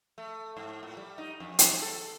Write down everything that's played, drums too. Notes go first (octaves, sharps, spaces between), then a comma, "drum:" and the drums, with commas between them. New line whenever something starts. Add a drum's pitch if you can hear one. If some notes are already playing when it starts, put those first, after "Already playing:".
A3
G#2
A2
G3
D#4
F2
drum: hi-hat
A4